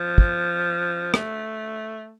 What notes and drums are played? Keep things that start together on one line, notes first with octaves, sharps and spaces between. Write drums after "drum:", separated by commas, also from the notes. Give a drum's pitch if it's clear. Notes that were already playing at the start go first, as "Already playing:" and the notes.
Already playing: F3
drum: kick
A3, drum: rim click